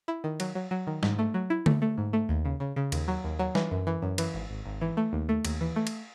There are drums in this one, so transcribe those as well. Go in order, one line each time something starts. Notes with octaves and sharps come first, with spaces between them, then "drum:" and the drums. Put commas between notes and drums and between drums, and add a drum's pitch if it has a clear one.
E4
D#3
F#3, drum: cymbal
F#3
F#3
D#3
G#2, drum: snare
A3
F#3
E4
A3, drum: tom D3
A3
G#2
A3
D#2
C#3
C#3
C#3
D#2, drum: cymbal
F#3
D#2
F#3
E3, drum: snare
F#2
E3
F#2
E3, drum: cymbal
G#1
G#1
G#1
E3
A3
D#2
A3
D#2, drum: cymbal
E3
A3
drum: cymbal